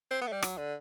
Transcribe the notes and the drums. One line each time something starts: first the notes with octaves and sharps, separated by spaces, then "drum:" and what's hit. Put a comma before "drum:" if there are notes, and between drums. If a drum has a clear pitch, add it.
C4
B3
A3
G3
F#3, drum: rim click
D3